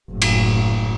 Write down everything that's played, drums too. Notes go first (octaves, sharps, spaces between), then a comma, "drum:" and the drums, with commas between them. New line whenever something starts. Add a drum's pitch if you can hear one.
F#1 A2
drum: cymbal